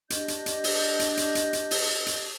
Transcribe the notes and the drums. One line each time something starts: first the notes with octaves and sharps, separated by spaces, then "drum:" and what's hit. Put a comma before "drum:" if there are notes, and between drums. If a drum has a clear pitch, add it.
D4 G4 D#5 G6, drum: hi-hat
drum: hi-hat
drum: hi-hat
drum: open hi-hat
drum: hi-hat
drum: hi-hat
drum: hi-hat
drum: hi-hat
drum: open hi-hat
drum: hi-hat